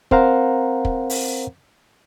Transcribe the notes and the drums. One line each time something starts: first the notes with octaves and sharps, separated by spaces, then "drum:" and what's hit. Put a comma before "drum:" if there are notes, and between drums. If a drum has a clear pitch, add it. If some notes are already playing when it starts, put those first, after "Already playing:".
C4 A#4 C5 F5 F#5 A#5, drum: kick
drum: kick
drum: open hi-hat